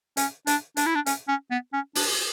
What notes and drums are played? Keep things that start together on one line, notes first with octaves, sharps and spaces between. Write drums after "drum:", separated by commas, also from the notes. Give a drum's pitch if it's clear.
C#4, drum: hi-hat
D4, drum: hi-hat
D4, drum: hi-hat
E4
D4
C#4, drum: hi-hat
C#4
B3
C#4
D4, drum: open hi-hat